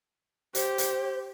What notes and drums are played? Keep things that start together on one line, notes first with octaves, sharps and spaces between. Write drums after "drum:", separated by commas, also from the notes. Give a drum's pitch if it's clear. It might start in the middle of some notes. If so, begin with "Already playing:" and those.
G4 C5, drum: hi-hat
drum: hi-hat